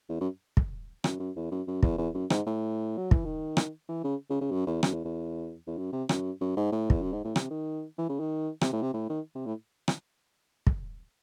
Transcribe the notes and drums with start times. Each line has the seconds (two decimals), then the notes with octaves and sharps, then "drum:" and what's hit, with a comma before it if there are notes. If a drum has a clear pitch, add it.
0.09 E2
0.21 F#2
0.57 drum: kick
1.04 F#2, drum: rim click
1.20 F#2
1.36 E2
1.51 F#2
1.67 F#2
1.83 E2, drum: kick
1.98 E2
2.14 F#2
2.30 G#2, drum: rim click
2.46 A2
2.97 F#3
3.11 E3, drum: kick
3.25 D#3
3.57 drum: rim click
3.89 E3
4.04 C#3
4.30 C#3
4.41 C#3
4.51 F#2
4.67 E2
4.83 F#2, drum: rim click
4.93 E2
5.04 E2
5.67 E2
5.77 F#2
5.93 C3
6.09 F#2, drum: rim click
6.41 F#2
6.57 G#2
6.72 A2
6.90 E2, drum: kick
7.02 F#2
7.13 G#2
7.24 A2
7.36 C3, drum: rim click
7.51 D#3
7.98 E3
8.09 C#3
8.20 D#3
8.61 C3, drum: rim click
8.73 A2
8.82 C3
8.93 A2
9.09 D#3
9.35 C3
9.46 A2
9.88 drum: rim click
10.67 drum: kick